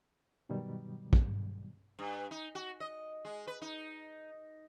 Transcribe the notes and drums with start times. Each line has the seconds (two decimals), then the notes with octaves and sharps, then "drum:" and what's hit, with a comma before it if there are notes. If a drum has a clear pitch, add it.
0.49 G2 B2 D#3 F#3 G3
1.13 drum: kick
1.99 G2
2.31 D#4
2.55 F#4
2.80 D#5
3.25 G#3
3.47 B4
3.62 D#4